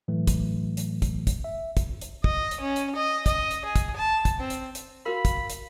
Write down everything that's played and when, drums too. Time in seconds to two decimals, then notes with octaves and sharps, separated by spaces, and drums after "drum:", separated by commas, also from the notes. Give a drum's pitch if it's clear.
0.08 A2 E3 F#3 A3
0.27 drum: kick, hi-hat
0.77 drum: hi-hat
1.02 drum: kick, hi-hat
1.27 drum: kick, hi-hat
1.44 E5
1.77 drum: kick, hi-hat
2.01 drum: hi-hat
2.24 D#5, drum: kick
2.51 drum: hi-hat
2.60 C#4
2.76 drum: hi-hat
2.95 D#5
3.26 D#5, drum: kick, hi-hat
3.51 drum: hi-hat
3.65 G#4
3.76 drum: kick, hi-hat
3.96 A5
4.25 drum: kick, hi-hat
4.39 C4
4.50 drum: hi-hat
4.75 drum: hi-hat
5.06 F#4 A4 A#4 F5 B5
5.25 drum: kick, hi-hat
5.50 drum: hi-hat